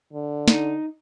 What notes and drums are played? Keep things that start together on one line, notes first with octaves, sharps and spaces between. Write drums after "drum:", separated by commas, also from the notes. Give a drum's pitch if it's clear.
D3
D#4, drum: snare